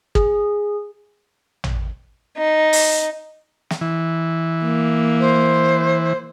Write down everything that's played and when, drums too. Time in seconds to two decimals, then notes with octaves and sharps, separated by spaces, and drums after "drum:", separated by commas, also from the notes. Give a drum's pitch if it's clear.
0.15 G#4, drum: kick
1.64 drum: tom A1
2.37 D#4
2.73 drum: open hi-hat
3.70 drum: snare
3.81 E3
4.65 A#3
5.20 C5